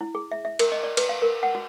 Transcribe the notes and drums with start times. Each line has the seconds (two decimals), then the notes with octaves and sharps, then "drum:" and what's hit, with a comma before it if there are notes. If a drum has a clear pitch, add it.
0.01 E4
0.15 G#4
0.31 E5
0.45 E5
0.59 A#4, drum: cymbal
0.72 D#5
0.83 D5
0.97 B4, drum: cymbal
1.09 F5
1.22 A#4
1.43 F#5
1.55 F#4